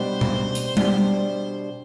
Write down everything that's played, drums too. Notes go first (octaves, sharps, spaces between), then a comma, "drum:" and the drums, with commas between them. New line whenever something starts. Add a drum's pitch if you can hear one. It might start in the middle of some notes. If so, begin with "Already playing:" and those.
Already playing: B2 G3 D4 G4 C5
drum: tom B2
drum: hi-hat
B2 G3 D4 G4, drum: tom G3